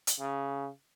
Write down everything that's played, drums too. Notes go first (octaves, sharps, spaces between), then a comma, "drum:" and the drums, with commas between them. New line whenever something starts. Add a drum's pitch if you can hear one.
drum: hi-hat
C#3